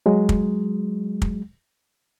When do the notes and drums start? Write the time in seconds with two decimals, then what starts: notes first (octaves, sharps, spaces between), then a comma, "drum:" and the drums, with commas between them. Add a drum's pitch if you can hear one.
0.06 F#3 G#3
0.29 drum: kick
1.22 drum: kick